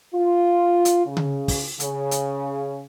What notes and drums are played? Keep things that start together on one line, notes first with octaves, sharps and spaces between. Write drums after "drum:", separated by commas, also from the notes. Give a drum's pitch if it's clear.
F4
drum: hi-hat
C#3
drum: tom C#3
drum: kick, open hi-hat
C#3, drum: hi-hat
drum: hi-hat